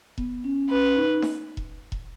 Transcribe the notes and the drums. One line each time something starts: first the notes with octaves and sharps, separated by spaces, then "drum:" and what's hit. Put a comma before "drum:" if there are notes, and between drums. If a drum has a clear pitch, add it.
B3, drum: kick E1
C#4
C#4 B4
D#4
drum: snare D#4
drum: kick E1
drum: kick E1